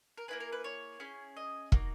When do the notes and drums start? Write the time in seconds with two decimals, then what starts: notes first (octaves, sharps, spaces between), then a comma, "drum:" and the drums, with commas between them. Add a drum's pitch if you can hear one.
0.18 A#4
0.28 A#3 E4 G#4 B4
0.40 A#4
0.53 B4
0.64 C#5
1.00 C#4 E4 G#4
1.37 D#5
1.72 A#3 D#4 F#4, drum: kick